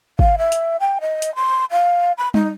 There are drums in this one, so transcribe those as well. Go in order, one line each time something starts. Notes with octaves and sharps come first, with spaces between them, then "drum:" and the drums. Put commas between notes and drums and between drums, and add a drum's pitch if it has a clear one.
F5, drum: kick G#1
E5
drum: hi-hat
G5
D#5
drum: hi-hat
C6
F5
B5
D#4, drum: tom G3